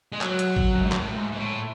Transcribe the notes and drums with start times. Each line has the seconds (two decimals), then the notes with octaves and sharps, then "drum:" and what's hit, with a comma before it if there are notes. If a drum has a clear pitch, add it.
0.12 G#3
0.21 F#3, drum: clap
0.39 drum: hi-hat
0.56 drum: kick
0.73 F#2
0.82 G#2
0.92 A2, drum: clap
1.15 G#2
1.32 G#2
1.37 A2